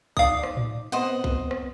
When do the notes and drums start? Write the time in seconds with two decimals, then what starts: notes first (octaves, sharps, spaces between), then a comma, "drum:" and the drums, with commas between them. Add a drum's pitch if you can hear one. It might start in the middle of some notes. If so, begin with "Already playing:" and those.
0.17 D#4 D5 F5 D6 D#6, drum: kick B1
0.43 drum: rim click
0.57 drum: tom A2
0.92 B3 C4 B4 C5 D#5 F#5
1.24 drum: kick B1
1.51 drum: rim click